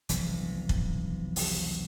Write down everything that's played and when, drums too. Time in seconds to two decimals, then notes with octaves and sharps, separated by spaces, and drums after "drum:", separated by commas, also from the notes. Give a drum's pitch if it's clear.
0.09 E1 B1 C3 F3, drum: hi-hat
0.69 drum: kick
1.36 drum: open hi-hat